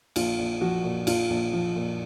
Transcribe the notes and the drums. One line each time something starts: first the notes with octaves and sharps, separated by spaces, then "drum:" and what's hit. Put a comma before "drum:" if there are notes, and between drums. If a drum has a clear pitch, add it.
A#1 F4, drum: cymbal
A#1
F3 F#4
A#2
A#1 F4, drum: cymbal
A#1
F3
A#2